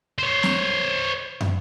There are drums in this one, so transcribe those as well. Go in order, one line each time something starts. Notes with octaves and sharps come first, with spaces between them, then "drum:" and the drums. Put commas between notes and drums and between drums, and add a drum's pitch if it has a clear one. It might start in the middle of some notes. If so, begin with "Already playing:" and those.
C5 C#5
drum: snare
drum: tom